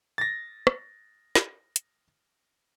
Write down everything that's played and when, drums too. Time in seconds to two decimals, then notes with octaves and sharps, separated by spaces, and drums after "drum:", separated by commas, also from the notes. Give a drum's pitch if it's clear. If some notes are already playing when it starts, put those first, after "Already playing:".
0.18 A6 A#6
0.67 drum: rim click
1.35 drum: snare
1.76 drum: hi-hat